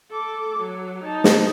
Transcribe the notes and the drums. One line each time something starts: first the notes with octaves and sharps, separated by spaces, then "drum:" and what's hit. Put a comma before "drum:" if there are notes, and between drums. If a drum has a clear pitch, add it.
A4 D6
F#3
D#4 A5
drum: snare